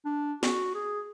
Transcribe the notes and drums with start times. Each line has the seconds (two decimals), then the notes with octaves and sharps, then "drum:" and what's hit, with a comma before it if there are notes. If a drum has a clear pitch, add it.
0.06 D4
0.43 F#4, drum: snare
0.75 G#4